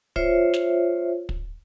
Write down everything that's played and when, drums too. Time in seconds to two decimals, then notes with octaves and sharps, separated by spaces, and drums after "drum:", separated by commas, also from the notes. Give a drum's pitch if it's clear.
0.16 F4 C5 C#5 E5, drum: kick
0.53 drum: snare
1.29 drum: kick